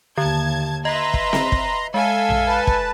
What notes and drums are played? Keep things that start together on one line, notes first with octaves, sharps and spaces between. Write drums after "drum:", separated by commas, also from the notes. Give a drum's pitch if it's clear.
D#2 D3 A5 G#6
B4 D#5 E5 A#5 C6
drum: kick
drum: snare C4
drum: kick
G#3 A4 E5 F5 G#5
drum: tom A#1
B4 A5
drum: kick